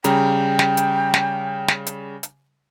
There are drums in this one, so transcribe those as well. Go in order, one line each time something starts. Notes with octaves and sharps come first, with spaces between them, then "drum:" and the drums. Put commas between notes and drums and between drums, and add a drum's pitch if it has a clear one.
C#3 G3 G5 A#5, drum: hi-hat
drum: snare
drum: hi-hat
drum: snare
drum: snare
drum: hi-hat
drum: hi-hat